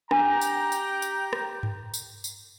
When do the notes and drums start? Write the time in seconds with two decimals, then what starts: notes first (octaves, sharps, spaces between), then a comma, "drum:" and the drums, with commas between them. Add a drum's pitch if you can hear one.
0.11 D4 G4 G5 A#5, drum: rim click
0.41 drum: tambourine
0.72 drum: tambourine
1.02 drum: tambourine
1.33 drum: rim click
1.63 drum: tom G2
1.94 drum: tambourine
2.24 drum: tambourine